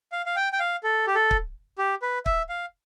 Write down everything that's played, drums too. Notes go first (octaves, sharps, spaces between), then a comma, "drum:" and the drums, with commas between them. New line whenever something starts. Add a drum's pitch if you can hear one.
F5
F5
G5
G5
F5
A4
G4
A4
drum: kick
G4
B4
E5, drum: kick
F5